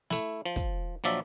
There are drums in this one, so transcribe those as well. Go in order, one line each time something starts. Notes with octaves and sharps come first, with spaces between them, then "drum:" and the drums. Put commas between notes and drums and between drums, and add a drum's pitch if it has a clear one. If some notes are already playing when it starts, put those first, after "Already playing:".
A3 E4, drum: snare
F3
drum: kick, hi-hat
A#1 F3 F#3 D5 E5, drum: hi-hat